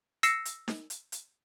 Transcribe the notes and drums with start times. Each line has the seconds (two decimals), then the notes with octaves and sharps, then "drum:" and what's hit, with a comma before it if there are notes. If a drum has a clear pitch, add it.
0.23 E6 A#6 C7 C#7 E7, drum: hi-hat
0.45 drum: hi-hat
0.68 drum: snare D#4
0.90 drum: hi-hat
1.12 drum: hi-hat